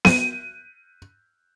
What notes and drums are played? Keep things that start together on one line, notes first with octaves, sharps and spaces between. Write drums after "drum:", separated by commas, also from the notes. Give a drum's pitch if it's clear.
D#7, drum: snare B3